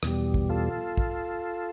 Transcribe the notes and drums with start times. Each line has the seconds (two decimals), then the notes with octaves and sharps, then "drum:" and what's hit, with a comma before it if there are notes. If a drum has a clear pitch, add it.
0.03 E2 B2 G3, drum: rim click
0.34 drum: kick
0.50 F4 A4
0.97 drum: kick